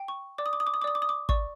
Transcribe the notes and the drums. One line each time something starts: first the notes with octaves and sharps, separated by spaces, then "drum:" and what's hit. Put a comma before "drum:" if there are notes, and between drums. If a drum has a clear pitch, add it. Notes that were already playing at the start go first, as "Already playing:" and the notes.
Already playing: G5
C#6
D5 D6
D#6
D6
D#6
D6
D#6
D6
D5 D#6
D6
D#6
D6
D5 C#6, drum: kick